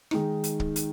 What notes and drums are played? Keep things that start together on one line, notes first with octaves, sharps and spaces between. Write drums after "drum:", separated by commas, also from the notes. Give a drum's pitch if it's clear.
D#3 G#3 D#4, drum: rim click
drum: hi-hat
drum: kick
drum: hi-hat